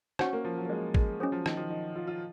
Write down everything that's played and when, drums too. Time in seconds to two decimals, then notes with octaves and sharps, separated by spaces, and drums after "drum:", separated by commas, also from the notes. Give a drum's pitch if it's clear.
0.19 C#4 F#4 C5 F#5, drum: rim click
0.33 A#3
0.45 F3
0.58 F#3
0.66 A#3
0.70 G#3
0.94 G#3, drum: kick
1.20 F#3 C#4 G#4 C5
1.32 F3
1.46 D#3, drum: rim click
1.57 F3
1.70 D#4
1.95 F4
2.07 F4